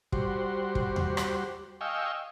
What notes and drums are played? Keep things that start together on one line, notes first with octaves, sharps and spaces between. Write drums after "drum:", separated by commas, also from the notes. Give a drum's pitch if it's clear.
G3 F#4 C5, drum: kick
drum: kick
drum: tom D#2
drum: rim click
D#5 F5 G5 G#5 C#6 E6